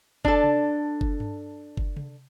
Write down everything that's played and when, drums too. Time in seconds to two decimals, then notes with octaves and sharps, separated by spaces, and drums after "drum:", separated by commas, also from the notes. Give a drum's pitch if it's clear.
0.25 D4 A4, drum: kick F#1
0.44 drum: tom C3
1.01 drum: kick F#1
1.20 drum: tom G2
1.77 drum: kick F#1
1.97 drum: tom C3